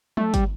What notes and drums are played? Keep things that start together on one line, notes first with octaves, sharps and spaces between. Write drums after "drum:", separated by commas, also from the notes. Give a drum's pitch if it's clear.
A3, drum: tom F3
G3, drum: kick, hi-hat